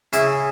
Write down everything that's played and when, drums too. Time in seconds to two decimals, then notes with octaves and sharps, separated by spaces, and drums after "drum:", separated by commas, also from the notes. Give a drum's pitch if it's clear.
0.13 C#3 E4, drum: hi-hat